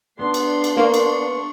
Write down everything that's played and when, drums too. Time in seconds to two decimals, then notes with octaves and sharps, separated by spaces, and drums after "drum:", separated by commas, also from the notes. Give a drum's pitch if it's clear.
0.19 B3 D4 C6
0.34 drum: cymbal
0.64 drum: cymbal
0.77 A#3 C#6
0.94 drum: cymbal